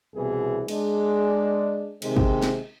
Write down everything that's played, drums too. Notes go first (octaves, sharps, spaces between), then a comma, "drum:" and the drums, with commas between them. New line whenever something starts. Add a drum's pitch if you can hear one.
C2 B2 E3 G#4
G#3 D4, drum: cymbal
C3 D#3 G#3 C4, drum: cymbal
drum: kick
drum: snare